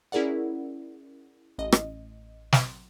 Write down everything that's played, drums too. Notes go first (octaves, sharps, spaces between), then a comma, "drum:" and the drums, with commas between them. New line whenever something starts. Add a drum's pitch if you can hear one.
C#4 E4 G#4 A#4 D5 F#5
A1 D#5
drum: rim click
drum: snare